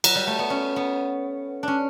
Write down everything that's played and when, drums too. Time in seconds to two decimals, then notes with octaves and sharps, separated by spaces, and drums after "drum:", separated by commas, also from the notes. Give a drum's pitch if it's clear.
0.04 F#3, drum: cymbal
0.15 G3
0.27 A3
0.39 B3
0.50 C#4
0.76 B3
1.63 C#4 D4